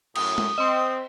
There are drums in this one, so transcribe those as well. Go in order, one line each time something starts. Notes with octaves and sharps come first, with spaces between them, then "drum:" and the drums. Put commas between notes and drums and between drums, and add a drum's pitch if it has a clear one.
F#2 A2 D#6, drum: cymbal
drum: tom G#3
C4 D#5 C6